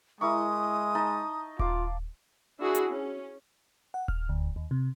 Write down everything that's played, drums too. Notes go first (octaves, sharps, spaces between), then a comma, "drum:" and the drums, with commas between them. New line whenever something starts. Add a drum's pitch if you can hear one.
G#3 E4 A#4 C#6 D#6
D#4 D#5 A5
F4 F5 D6, drum: kick D#1
D4 E4 F#4 G#4
drum: hi-hat
C#4
F#5
F6, drum: kick D#1
D2
D#2
C3